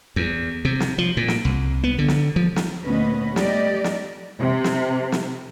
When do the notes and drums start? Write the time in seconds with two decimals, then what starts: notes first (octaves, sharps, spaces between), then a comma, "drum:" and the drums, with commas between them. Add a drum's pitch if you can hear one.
0.16 E2
0.65 C3
0.80 drum: snare
0.98 F3
1.17 A#2
1.28 drum: snare
1.45 C2
1.84 B3
1.99 D3
2.08 drum: snare
2.36 F3
2.56 drum: snare
2.85 D2 A#2 B3 C#4 B4 D#5
3.36 G3 A3 G4 D5 D#5, drum: snare
3.84 drum: snare
4.40 C3
4.64 drum: snare
5.12 drum: snare